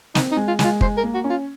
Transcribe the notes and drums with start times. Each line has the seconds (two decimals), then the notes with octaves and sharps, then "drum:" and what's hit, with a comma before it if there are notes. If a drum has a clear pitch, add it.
0.15 C4 D#4, drum: snare
0.31 D#4
0.37 G#3
0.48 F4
0.59 G#3, drum: snare
0.64 F4
0.81 G#3 C5, drum: kick
0.97 A#4
1.03 A#3
1.14 F#4
1.24 C#4
1.30 F4